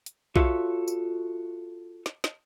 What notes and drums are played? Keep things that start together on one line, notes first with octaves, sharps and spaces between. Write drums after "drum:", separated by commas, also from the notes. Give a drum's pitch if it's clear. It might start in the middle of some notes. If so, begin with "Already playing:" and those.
drum: hi-hat
F4 F#4 A4 C#5 E5 F5, drum: kick B1
drum: tambourine
drum: snare
drum: snare